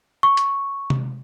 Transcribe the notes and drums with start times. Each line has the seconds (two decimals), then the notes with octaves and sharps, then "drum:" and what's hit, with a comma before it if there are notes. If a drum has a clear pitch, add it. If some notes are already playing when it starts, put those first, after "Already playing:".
0.23 C#6
0.37 drum: hi-hat
0.90 drum: tom C3